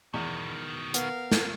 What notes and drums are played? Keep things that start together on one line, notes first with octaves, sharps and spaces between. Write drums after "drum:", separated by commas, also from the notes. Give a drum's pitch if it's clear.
E2 B2 D#3
B3 A#4 F5, drum: hi-hat
drum: snare